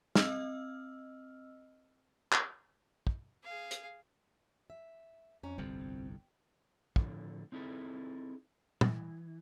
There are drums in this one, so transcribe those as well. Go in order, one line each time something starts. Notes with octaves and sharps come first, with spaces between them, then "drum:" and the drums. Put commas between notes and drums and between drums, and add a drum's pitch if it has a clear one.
C4 D#5 E6 F6, drum: snare
drum: clap
drum: kick
G#4 F5
drum: hi-hat
E5
F2 C#4 A#5
G1 C2 F2 C4
A2 D3 F3, drum: kick
C4 D#4 E4 G#4 A4
E3, drum: tom